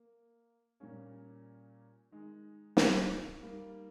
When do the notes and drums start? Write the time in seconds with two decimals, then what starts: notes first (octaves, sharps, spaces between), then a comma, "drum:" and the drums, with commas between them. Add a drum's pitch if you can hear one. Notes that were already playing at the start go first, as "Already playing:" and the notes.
Already playing: A#3
0.80 A#2 G3 A#3 C#4
2.11 D#3 G#3 D#4
2.77 drum: snare
3.42 G3 A#3 D#4